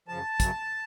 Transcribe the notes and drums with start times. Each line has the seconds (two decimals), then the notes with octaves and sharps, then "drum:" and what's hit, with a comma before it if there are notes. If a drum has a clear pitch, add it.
0.08 F#2 C#3 F3 A5
0.40 F#2 C#3 F#3, drum: kick, hi-hat